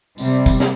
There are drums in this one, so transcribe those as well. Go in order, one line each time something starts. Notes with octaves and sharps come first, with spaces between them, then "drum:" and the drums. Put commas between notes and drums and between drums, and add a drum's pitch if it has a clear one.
C3 G3 C4, drum: tambourine
drum: kick, tambourine
drum: snare